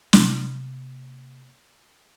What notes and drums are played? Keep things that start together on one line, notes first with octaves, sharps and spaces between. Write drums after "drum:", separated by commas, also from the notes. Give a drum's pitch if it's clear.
C3 A#3, drum: snare